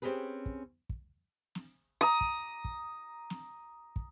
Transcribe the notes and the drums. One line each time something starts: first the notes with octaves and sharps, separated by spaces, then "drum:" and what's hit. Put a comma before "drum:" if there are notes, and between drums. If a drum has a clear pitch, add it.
C4 C#4 G4 G#4 B4
drum: kick
drum: kick
drum: snare
A#5 D#6
drum: kick
drum: kick
drum: snare
drum: kick